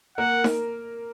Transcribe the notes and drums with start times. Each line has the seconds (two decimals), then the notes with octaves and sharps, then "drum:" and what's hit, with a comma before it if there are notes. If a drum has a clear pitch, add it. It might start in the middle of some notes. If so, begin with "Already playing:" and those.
0.18 A#3 A#4 F#5
0.44 drum: snare D#4